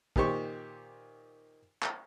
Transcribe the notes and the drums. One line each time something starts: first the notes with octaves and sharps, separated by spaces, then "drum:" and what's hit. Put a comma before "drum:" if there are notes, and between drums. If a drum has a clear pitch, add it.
A#2 D#3 G4 C5 C#6, drum: kick
drum: clap